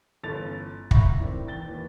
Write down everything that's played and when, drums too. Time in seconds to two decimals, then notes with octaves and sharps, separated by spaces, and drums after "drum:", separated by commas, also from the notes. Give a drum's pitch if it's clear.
0.24 G1 E3 C#4 A4 A6 F7
0.91 E5 A#5 B5 C#6 A#6, drum: kick
1.20 A2 D#3 C4 D5
1.46 E2 G5 A6 G7
1.66 D#2 E3